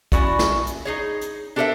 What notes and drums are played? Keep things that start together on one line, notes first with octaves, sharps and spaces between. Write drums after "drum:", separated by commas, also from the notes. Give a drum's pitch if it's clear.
C#4 E4 F#4 D5, drum: kick, hi-hat
drum: snare
drum: hi-hat
D#4 G#4 C#5
drum: hi-hat
D4 G4 A4 A#4 C5 E5